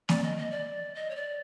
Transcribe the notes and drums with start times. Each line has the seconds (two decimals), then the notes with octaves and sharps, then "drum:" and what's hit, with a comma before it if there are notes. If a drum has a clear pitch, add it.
0.09 D5, drum: snare A#3
0.23 D#5
0.38 D#5
0.51 D5
0.95 D#5
1.10 C#5
1.16 D5